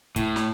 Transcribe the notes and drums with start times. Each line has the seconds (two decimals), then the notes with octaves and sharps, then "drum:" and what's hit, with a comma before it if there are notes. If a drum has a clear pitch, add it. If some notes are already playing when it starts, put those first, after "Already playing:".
0.16 A2, drum: kick, hi-hat
0.36 drum: snare